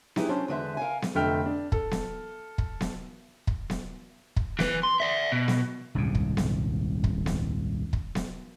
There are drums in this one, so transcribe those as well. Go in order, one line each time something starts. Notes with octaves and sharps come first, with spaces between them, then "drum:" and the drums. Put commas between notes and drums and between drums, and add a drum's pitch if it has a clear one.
D#4 E4 G4 G#4 A#4 B4, drum: snare B3
F#3 C#4 D4 C5
E2 D3 G#3 B4 C5 E5
A#4 F5 G#5
drum: snare B3
F1 D3 A3 E5 G5 F6
D4
A4, drum: kick
drum: snare B3
drum: kick
drum: snare B3
drum: kick
drum: snare B3
drum: kick
E3 B4, drum: snare B3
C6
D5 E5
B2
drum: snare B3
D#1 C2 G#2 C3
drum: kick
drum: snare B3
drum: kick
drum: snare B3
drum: kick
drum: snare B3